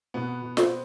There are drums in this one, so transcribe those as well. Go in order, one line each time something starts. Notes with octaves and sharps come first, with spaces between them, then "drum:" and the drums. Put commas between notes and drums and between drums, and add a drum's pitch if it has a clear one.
B2 B3
B2
C4, drum: snare